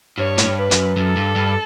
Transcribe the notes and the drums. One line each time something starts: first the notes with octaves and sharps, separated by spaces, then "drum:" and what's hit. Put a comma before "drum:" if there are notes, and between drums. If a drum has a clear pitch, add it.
G2 C#5
A2, drum: hi-hat
G2
B4
F#2, drum: hi-hat
F#2 A4
G2
G2